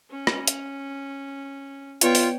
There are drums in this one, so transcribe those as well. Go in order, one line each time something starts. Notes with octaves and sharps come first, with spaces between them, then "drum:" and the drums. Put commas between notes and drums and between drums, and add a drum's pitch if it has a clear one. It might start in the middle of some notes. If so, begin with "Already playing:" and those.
C#4
drum: rim click
drum: hi-hat
B3 F4 B4 C#5 D5 G5, drum: hi-hat
drum: open hi-hat